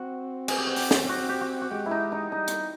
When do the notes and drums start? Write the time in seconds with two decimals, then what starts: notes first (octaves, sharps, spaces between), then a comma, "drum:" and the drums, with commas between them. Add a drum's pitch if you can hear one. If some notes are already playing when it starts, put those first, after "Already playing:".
Already playing: C4 F#4
0.48 G#4, drum: cymbal
0.58 G4
0.67 F#4
0.76 G4, drum: open hi-hat
0.91 drum: snare
1.09 C4 F#4
1.29 G4
1.41 F#4
1.61 F#4
1.71 G#3 G4
1.86 E4
1.91 D#4
2.12 D#4
2.32 G3 D#4
2.48 drum: hi-hat